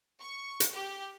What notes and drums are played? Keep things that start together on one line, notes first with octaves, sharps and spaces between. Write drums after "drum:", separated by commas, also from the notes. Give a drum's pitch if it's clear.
C#6
drum: hi-hat
G4